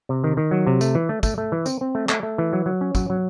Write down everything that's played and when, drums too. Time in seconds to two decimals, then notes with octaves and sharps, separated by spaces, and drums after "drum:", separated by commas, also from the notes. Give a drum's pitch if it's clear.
0.09 C3
0.24 D#3
0.37 D#3
0.51 F#3
0.67 C3
0.81 A3, drum: tambourine
0.95 E3
1.09 A3
1.23 A3, drum: kick, tambourine
1.38 A3
1.52 E3
1.66 C4, drum: tambourine
1.81 C4
1.95 A3
2.09 A3, drum: clap
2.23 A3
2.38 E3
2.53 F#3
2.66 F#3
2.81 C#4
2.95 F#3, drum: kick, tambourine
3.10 F#3